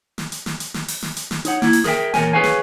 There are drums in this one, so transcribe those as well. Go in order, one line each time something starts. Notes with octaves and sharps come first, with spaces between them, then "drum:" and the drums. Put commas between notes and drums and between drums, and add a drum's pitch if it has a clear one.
drum: snare
drum: hi-hat
drum: snare
drum: hi-hat
drum: snare
drum: open hi-hat
drum: snare
drum: hi-hat
drum: snare
D#4 C#5 F#5, drum: hi-hat
A#3 E4, drum: snare
drum: open hi-hat
G#4 A#4 D5 E5 G5, drum: snare
E2 A#2 A#4 C#5 G#5, drum: snare
G#4 A4 B4 C#5 F5 G#5
drum: snare